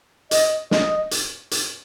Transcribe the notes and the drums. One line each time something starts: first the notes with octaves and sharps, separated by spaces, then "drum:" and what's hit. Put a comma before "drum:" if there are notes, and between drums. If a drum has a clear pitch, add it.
D#5, drum: hi-hat
D#5, drum: snare
drum: hi-hat
drum: hi-hat